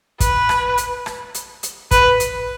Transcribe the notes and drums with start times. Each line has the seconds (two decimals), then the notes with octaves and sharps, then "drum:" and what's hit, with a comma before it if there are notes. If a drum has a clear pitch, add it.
0.20 B4, drum: kick, hi-hat
0.49 drum: rim click
0.77 drum: hi-hat
1.06 drum: rim click
1.34 drum: hi-hat
1.63 drum: hi-hat
1.91 B4, drum: kick, hi-hat
2.20 drum: hi-hat